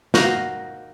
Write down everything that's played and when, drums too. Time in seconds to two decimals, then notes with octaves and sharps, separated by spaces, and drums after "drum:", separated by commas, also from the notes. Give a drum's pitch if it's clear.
0.14 D#4 F#4 A#4 F5, drum: snare